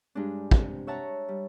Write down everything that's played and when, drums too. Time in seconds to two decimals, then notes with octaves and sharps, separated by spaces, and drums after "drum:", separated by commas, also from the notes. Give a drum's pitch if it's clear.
0.15 G2 G#3 D4
0.51 C3, drum: kick
0.87 C#5 E5 F#5 A5 A#5 C#6
1.28 G3